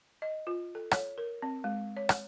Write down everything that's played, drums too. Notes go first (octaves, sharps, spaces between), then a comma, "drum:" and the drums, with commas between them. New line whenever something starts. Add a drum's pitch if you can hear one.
D#5
F4
A4
C#5, drum: rim click
A#4
C4
G#3
C#5
drum: rim click